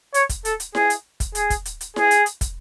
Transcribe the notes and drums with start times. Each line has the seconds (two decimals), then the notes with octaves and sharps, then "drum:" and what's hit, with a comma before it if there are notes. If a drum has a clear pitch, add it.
0.14 C#5, drum: hi-hat
0.29 drum: kick, hi-hat
0.45 A4, drum: hi-hat
0.60 drum: hi-hat
0.75 G#4, drum: snare E4
0.90 drum: hi-hat
1.20 drum: kick, hi-hat
1.35 G#4, drum: hi-hat
1.50 drum: kick, hi-hat
1.65 drum: hi-hat
1.81 drum: hi-hat
1.96 G#4, drum: snare E4
2.11 drum: hi-hat
2.26 drum: hi-hat
2.41 drum: kick, hi-hat